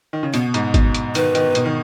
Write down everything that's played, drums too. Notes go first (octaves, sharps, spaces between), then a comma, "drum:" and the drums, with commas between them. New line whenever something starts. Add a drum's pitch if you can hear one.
D#3
C#3
B2 B3, drum: hi-hat
G#2, drum: hi-hat
B2, drum: kick G#1, hi-hat
drum: hi-hat
D#3 B4, drum: hi-hat
D#3, drum: hi-hat
B2, drum: hi-hat
D#3